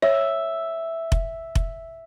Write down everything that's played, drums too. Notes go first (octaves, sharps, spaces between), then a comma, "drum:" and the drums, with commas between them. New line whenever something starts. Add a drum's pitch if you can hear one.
C#5 E5
drum: kick F1
drum: kick F1